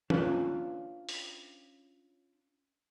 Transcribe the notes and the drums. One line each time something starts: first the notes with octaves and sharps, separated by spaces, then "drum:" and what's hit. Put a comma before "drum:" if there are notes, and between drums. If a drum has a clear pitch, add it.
C#4 D4 F4 B4, drum: tom
drum: open hi-hat